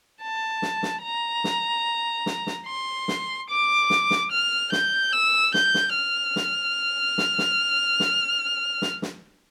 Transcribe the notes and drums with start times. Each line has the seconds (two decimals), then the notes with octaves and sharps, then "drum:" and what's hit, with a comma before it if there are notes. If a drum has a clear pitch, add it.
0.22 A5
0.62 drum: snare
0.83 drum: snare
1.03 A#5
1.44 drum: snare
2.26 drum: snare
2.47 drum: snare
2.67 C6
3.08 drum: snare
3.49 D6
3.90 drum: snare
4.11 drum: snare
4.31 F6
4.72 G6, drum: snare
5.12 E6
5.54 G6, drum: snare
5.74 drum: snare
5.95 F6
6.36 drum: snare
7.18 drum: snare
7.38 drum: snare
8.00 drum: snare
8.82 drum: snare
9.02 drum: snare